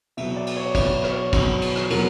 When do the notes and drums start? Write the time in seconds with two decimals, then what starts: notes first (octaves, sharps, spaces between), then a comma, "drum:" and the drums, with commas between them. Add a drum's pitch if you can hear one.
0.17 B2 F#3 E5, drum: cymbal
0.36 D5
0.47 drum: cymbal
0.57 C#5
0.67 D5
0.75 B2 F#3 E5, drum: kick, cymbal
1.04 C#5, drum: rim click
1.33 B2 F#3, drum: kick, cymbal
1.61 drum: cymbal
1.76 drum: rim click
1.90 B2 F#3 A#4, drum: cymbal